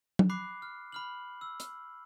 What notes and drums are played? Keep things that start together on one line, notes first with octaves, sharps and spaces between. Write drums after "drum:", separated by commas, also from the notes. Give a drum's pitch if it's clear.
drum: tom
B5 D6 F#6 C7
F6
B5 F6 F#7
E6
drum: hi-hat